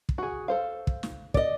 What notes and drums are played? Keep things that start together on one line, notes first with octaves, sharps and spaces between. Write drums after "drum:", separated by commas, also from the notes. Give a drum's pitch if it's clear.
drum: kick
F#4 G#4
A4 C5 F5
drum: kick
drum: snare
D5 D#5, drum: kick